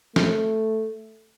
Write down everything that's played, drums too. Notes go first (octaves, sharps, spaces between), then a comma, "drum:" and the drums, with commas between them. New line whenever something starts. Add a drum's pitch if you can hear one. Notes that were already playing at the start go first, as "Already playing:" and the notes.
A3, drum: snare